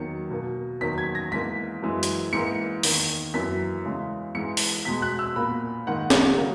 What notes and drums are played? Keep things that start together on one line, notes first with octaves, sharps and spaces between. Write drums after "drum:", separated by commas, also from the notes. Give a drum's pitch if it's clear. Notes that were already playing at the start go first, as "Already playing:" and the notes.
Already playing: E2 D#3 F#3 A#3 C#7
B2 A#3
E2 D#3 F#3 A#3 B6
G#6
A#6
G#2 E3 A#3 B6
F#2 E3 G#3
drum: hi-hat
G#2 E3 A#3 C#7
E2 D#3 A#3, drum: open hi-hat
F#2 E3 A#3 B6
E2 C#3 E3 G#3
G#2 E3 G#3 C#7
drum: open hi-hat
E2 B2 G#3 B6
F#6
E6
A#2 A#3 B5
G#2 D#3 A#3 F#5
drum: snare
C#3 F#3 A#3